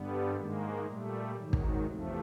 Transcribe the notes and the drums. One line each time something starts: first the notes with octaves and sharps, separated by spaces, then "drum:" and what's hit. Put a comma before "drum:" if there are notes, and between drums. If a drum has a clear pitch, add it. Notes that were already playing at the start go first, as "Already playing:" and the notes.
Already playing: G2 D3 G3 B3
G#2 D#3 G#3 A#3
A#2 G3 A3
G#2 D#3 F#3
drum: kick
E2 C3 F3 A3